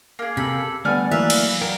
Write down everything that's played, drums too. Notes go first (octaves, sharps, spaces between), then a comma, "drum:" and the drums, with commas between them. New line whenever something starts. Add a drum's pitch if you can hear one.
A#3 G#4
C3 G4 A4 B5
A4
D3 G3 A3 B3 D5 G#5 F6
E3 F#3 A#3 B4 E5 F5
drum: cymbal
F#3 A#4 G5